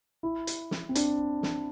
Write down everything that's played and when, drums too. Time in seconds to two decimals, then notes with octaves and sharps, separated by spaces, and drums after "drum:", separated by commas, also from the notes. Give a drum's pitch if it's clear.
0.23 E4
0.47 drum: hi-hat
0.71 drum: snare
0.89 C4
0.95 D4, drum: hi-hat
1.43 drum: snare